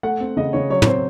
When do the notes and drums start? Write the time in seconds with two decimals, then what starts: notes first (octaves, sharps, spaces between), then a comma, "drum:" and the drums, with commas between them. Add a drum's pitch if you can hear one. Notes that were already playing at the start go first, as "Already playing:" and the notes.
0.03 A3 F#5
0.20 C4
0.37 C#3 D#5
0.53 C#3 C#5
0.70 F#3 C#5
0.82 C#5, drum: tom
0.86 C4 C5